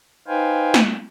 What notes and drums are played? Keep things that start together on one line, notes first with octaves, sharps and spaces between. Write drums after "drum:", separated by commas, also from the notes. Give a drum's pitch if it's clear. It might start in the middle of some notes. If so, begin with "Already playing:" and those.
D#4 B4 C5 F5 G5 G#5
drum: snare